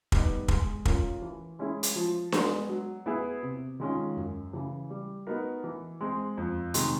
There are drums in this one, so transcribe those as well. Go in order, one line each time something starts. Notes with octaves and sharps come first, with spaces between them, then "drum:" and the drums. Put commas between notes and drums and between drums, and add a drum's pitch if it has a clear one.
G3 B3 D#4, drum: kick
G#3, drum: kick
C#4 F4 A#4, drum: kick
E3
G#3 C#4 E4 G#4
drum: hi-hat
F3
G#3 B3, drum: snare D4
F#3
B3 E4 G#4
C3
D#3 G#3 C#4 F4
F#2
C#3 E3
G3
B3 D#4 F#4 A#4
E3
G#3 C4
F2
C3 D#3 G#3, drum: hi-hat